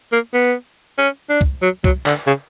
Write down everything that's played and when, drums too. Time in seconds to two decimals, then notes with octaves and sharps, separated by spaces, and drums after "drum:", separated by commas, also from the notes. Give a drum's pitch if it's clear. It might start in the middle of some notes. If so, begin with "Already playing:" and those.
0.12 A#3
0.34 B3
0.98 C#4
1.30 D4
1.41 drum: kick
1.62 F#3
1.84 F#3, drum: kick
2.06 D3, drum: clap
2.27 C#3